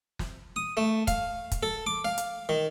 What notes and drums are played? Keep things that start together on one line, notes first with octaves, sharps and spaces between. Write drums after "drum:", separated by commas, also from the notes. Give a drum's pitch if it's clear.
drum: snare
D#6
A3
F5, drum: kick, hi-hat
drum: kick, hi-hat
A4
D6
F5
drum: hi-hat
D#3